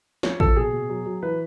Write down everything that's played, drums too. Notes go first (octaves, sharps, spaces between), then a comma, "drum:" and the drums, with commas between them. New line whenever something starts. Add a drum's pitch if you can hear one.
F3 C#5, drum: snare
F3 A4, drum: kick
B2 G#4
B2
F#3
F#3
E3 B4